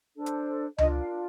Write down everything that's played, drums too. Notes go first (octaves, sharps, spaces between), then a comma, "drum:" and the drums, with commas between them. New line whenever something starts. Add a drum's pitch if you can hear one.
D4 A4 C5
drum: hi-hat
D4 F4 A#4 D#5, drum: tom C#2
F5